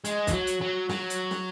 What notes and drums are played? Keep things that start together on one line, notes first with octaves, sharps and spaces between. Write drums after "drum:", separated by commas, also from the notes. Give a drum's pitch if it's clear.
G#3, drum: hi-hat
E3, drum: kick, hi-hat
F#3
drum: hi-hat
F#3
F#3, drum: snare
drum: hi-hat
drum: snare